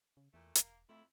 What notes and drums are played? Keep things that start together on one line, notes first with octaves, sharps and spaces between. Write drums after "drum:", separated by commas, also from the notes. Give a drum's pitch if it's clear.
C#3
E2 A#2 A3
E1 A#3, drum: hi-hat
F2 A3 E4